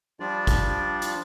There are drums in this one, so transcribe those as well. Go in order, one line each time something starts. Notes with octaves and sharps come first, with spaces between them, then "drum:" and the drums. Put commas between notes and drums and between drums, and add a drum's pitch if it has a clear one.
F3 G3 D4 F4 D5
drum: kick, hi-hat
drum: hi-hat